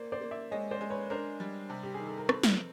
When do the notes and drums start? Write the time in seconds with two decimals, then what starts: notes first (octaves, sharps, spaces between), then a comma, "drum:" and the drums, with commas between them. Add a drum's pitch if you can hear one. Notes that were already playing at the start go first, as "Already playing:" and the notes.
Already playing: A#3 C5 D5
0.12 C5 D5
0.21 A#3
0.31 D5 E5
0.51 G#3 C#5 D#5
0.71 C5 D5
0.81 G#3
0.90 B4 C#5
1.10 D4 A#4 C5
1.40 G3
1.70 C3
1.83 G4
1.94 G#4
2.00 D#3
2.07 A4
2.18 A#4
2.29 C4 A4 B4, drum: rim click
2.43 drum: snare